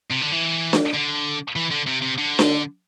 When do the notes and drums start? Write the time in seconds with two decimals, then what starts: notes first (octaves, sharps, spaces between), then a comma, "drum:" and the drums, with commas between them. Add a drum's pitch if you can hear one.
0.10 C3
0.21 D3
0.32 E3
0.73 drum: snare D4
0.94 D3
1.56 E3
1.71 D3
1.87 C3
2.02 C3
2.18 D3
2.39 drum: snare D4